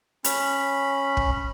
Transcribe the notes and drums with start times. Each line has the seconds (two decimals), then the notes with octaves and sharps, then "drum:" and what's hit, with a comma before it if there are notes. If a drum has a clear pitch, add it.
0.24 C#4 B5, drum: hi-hat
1.17 drum: kick